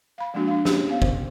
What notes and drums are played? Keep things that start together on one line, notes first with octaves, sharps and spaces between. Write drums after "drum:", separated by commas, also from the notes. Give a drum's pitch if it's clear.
F5 B5
F3 G#3 A#3 D4 F#4
D4 F5
A#3 C#4 D4 E4 G4 G#4, drum: snare
B3 F5
C5, drum: kick